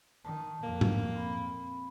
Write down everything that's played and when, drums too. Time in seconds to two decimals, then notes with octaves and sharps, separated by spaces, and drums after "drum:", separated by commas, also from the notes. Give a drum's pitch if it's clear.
0.25 D#3 A5
0.63 F2 A#2 A#3
0.81 drum: tom G#2
1.15 C4 B5